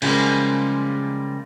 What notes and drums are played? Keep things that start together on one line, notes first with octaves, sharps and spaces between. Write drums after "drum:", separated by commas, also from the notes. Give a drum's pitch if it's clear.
C#3 E3 F3 G3 G#3 A#3, drum: cymbal